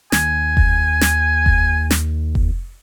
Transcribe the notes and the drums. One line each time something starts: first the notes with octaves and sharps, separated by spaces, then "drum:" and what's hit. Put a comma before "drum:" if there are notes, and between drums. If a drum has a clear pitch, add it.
D#2 G#5, drum: snare
drum: kick F1
drum: snare
drum: kick F1
drum: snare
drum: kick F1